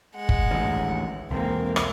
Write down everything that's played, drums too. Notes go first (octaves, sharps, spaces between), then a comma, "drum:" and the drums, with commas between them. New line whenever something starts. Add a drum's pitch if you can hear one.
G#3 F#5
drum: kick F#1
A1 D2 D#3
B1 E2 G#3 A#3 C4
drum: rim click